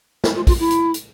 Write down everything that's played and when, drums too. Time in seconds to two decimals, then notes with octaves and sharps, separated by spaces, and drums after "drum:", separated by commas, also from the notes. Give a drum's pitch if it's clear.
0.24 E4, drum: snare
0.35 F4
0.47 F4, drum: kick, open hi-hat
0.59 E4
0.71 drum: hi-hat
0.94 drum: hi-hat